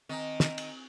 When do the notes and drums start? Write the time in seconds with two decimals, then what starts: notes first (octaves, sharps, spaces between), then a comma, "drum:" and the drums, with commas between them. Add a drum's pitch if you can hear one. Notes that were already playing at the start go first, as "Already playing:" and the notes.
0.09 D#3 C4 D#4 G#5
0.40 drum: snare
0.58 drum: cymbal